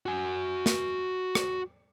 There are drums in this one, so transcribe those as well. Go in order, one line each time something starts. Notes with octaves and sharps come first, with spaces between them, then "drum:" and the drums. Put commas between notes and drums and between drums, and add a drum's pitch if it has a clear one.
F#4 G#5
drum: snare
drum: rim click